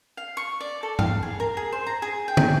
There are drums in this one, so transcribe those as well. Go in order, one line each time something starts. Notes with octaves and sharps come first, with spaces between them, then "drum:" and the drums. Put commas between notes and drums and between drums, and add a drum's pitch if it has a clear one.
F5
C#6
D5
A4
F5, drum: tom G2
G#4
A#4
G#4
C5
A#5
G#4
G5
drum: tom